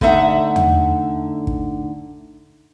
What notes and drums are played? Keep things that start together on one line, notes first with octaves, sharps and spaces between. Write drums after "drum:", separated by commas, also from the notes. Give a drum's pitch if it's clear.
D3 A3 D#4 E5 F#5, drum: kick
drum: tom E2
drum: kick